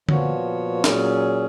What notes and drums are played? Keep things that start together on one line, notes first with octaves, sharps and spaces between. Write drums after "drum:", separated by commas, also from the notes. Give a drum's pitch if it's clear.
A#2 F3 B3 F#4 C#5, drum: tom D3
A#2 F#3 C#4 G#4, drum: snare